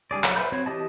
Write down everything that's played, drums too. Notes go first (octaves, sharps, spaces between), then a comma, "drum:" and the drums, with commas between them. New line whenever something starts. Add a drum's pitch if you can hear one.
G3 D4 G#4 D5
F#3, drum: clap
B4 C5 E5 B5 G6
F#3 C4 F#4 C#5
E3 G4 D#5 A5